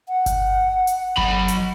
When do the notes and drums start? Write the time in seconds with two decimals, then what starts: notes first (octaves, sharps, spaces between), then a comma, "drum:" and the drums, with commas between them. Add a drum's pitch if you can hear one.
0.08 F#5
0.26 drum: kick G1, hi-hat
0.87 drum: hi-hat
1.18 F#3 B5, drum: kick G1
1.48 drum: hi-hat